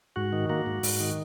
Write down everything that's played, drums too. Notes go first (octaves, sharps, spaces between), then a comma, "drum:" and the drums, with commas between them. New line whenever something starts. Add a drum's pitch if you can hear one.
G#2 F#4
D#3
A#3 F#4
G#2
G#2, drum: open hi-hat
D#3